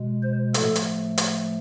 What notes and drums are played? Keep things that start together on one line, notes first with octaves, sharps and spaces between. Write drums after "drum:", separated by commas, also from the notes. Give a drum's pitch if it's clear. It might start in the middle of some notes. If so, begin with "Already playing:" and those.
Already playing: B2 G#3
C5
A2 F3 A3 A4, drum: hi-hat
drum: hi-hat
drum: hi-hat